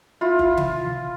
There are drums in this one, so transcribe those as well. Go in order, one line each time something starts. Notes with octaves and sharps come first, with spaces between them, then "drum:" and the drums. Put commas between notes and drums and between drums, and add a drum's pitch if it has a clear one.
E4 F4
drum: kick F#1
drum: tom C3